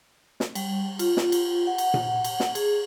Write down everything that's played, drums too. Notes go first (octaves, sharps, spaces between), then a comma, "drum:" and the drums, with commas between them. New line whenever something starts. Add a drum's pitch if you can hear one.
drum: snare
G3, drum: cymbal
F4, drum: cymbal
drum: snare
drum: cymbal
F#5
drum: cymbal
drum: tom A#2
drum: cymbal
drum: snare
G#4, drum: cymbal